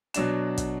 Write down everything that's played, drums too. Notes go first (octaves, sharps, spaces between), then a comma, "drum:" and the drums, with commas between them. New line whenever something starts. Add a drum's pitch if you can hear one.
B2 F#3 D4 E7, drum: hi-hat
drum: kick, hi-hat